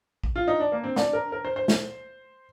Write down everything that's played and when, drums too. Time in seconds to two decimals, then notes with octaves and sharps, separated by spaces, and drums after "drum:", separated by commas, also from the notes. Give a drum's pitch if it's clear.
0.24 drum: kick A1
0.36 F4
0.48 D#4
0.60 D4
0.72 A#3
0.84 C4
0.96 D4, drum: snare
1.13 A#4
1.32 A#4
1.45 C5
1.56 C5
1.68 drum: snare